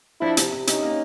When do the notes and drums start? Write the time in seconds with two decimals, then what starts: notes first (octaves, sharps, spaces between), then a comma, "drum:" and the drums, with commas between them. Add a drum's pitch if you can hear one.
0.21 F3 D4 E4
0.37 C3, drum: hi-hat
0.53 C3
0.67 C3 C#4 D#4, drum: hi-hat
0.83 A#3